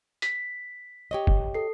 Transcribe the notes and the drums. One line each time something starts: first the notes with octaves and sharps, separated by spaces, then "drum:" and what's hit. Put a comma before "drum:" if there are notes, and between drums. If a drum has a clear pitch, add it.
B6, drum: hi-hat
G4 C#5 D#5
drum: kick
A4 C7